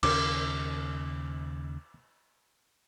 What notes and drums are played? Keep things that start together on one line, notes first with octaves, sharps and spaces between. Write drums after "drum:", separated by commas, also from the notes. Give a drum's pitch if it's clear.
D#2 C#3 D6, drum: cymbal